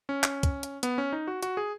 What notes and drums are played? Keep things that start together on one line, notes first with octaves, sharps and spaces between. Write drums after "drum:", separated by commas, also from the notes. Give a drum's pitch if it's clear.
C#4
drum: clap
drum: kick, hi-hat
drum: hi-hat
B3, drum: hi-hat
C#4
D#4
F#4
F#4, drum: hi-hat
G#4